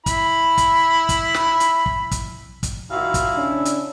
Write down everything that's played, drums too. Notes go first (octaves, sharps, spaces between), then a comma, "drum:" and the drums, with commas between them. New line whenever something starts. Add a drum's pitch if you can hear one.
E4 B5, drum: kick, hi-hat
drum: kick, hi-hat
drum: kick, hi-hat
drum: snare
drum: hi-hat
drum: kick
drum: kick, hi-hat
drum: kick, hi-hat
A#2 D#3 E4 F#4 F5
drum: kick, hi-hat
C#3 C#4 D4
drum: hi-hat